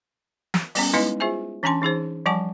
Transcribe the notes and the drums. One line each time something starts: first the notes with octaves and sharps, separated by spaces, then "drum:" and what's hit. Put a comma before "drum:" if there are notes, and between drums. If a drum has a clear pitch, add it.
drum: snare
G3 B3 C#4, drum: open hi-hat
G#3 B3 D#4 E4 B4 D#5
F4 G#4 C5 E5 G#5
E3 C#4 D4 G#5 A5 C6
E3 D#4 G#4 C5
F3 G3 F#5 G#5 A5 C#6